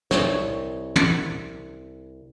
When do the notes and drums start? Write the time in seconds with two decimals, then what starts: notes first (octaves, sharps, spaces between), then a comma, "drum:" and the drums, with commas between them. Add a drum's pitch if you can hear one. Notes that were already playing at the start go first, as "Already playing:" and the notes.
0.11 C2 C#5, drum: snare
0.96 drum: tom